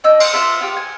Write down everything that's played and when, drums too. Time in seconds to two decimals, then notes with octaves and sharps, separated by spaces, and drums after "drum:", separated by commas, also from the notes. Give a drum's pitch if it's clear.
0.04 D4 D#5 E6 G6
0.20 C6, drum: cymbal
0.33 F4 C5 D5 E5
0.61 F4 G4
0.77 G#5